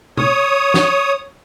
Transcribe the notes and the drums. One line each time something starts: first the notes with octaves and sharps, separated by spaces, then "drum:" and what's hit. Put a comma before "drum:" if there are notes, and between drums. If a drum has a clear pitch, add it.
C#5 D#6, drum: tom
drum: snare